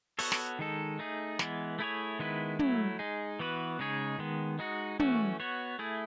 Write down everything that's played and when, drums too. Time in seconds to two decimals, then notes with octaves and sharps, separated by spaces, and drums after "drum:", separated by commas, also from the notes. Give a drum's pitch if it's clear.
0.19 B3 F#4 A4 C#5, drum: open hi-hat
0.32 drum: snare
0.59 D#3 G#3 D#4 A4
0.99 A3 D#4 G#4
1.39 E3 G#3 B3, drum: snare
1.79 A3 E4 G#4 C#5
2.19 D#3 G#3 B3 E4 B4
2.59 F#3 A3 E4, drum: tom
2.99 G#3 D#4 G#4
3.39 E3 B3 F#4 B4
3.79 C#3 G#3 D#4 G#4 C#5
4.19 D#3 G#3 B3
4.59 G#3 D#4 F#4
4.99 E3 A3 C#4 F#4, drum: tom
5.40 B3 F#4 C#5
5.79 A3 E4 G#4